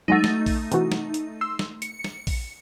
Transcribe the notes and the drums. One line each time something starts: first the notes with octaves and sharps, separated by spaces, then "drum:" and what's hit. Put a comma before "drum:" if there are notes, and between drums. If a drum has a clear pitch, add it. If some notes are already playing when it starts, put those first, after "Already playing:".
F#3 G#3 A3 D#4 F#4
drum: snare
drum: kick A#1, open hi-hat
C3 E3 F#4, drum: hi-hat
drum: snare
drum: hi-hat
C6 E6
drum: snare
C#7, drum: hi-hat
drum: snare
drum: kick A#1, open hi-hat